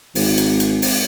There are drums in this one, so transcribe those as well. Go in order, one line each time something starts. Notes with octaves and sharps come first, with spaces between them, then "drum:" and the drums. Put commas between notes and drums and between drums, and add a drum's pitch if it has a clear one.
G#1, drum: open hi-hat
drum: hi-hat
drum: hi-hat
drum: open hi-hat